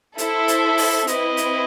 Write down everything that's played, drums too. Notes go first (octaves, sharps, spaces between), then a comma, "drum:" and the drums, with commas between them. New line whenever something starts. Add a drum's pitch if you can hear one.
E4 A4 C5 E5, drum: hi-hat
drum: hi-hat
drum: open hi-hat
C4 E4 B4 D#5, drum: hi-hat
drum: hi-hat